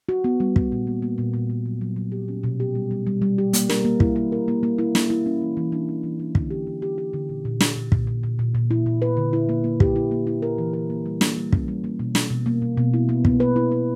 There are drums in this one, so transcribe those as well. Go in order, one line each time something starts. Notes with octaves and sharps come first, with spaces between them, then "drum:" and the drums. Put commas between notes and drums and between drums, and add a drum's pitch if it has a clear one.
F#4
B3
G3
G3, drum: kick
A#2
A#3
A#3
A#2
A#2
A#3
F#3
F#3
F#3
G4
C#4
B2
G4
G3
G3
G3
G3
G4
A#3, drum: hi-hat
A#4, drum: snare
A#3
E4, drum: kick
A#3
A#4
A#3
A#3
E4
A#3, drum: snare
E4
C#4
E3
E3
D4
E3
E3
D4
D3, drum: kick
G4
D3
G4
G4
D3
A#2
A#2
A#2, drum: snare
A#2
A#2, drum: kick
A#2
A#2
A#2
A#2
E4
A#2
B4
D3
E4
A#3
A#3
G4, drum: kick
E4
A#3
E4
A#4
E3
A#4
A#3
G3
A#3, drum: snare
G3
C#4, drum: kick
G3
A#3
B2
B2, drum: snare
B2
A#3
B2
B2
E4
B3
B3, drum: kick
B4
E4
E4